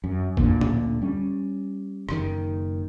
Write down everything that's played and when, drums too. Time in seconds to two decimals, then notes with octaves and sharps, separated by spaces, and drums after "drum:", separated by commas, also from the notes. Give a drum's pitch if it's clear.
0.04 F#2
0.37 D2 A#2 D3, drum: kick G#1
0.61 drum: tom A2
1.02 G3 C#4
2.09 F#1 D#3, drum: rim click